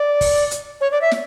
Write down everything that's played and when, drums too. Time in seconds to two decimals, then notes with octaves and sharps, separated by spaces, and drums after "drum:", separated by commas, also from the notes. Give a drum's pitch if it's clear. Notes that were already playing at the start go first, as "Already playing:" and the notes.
Already playing: D5
0.21 drum: kick, open hi-hat
0.51 drum: hi-hat
0.81 C#5
0.92 D5
1.01 E5
1.11 drum: snare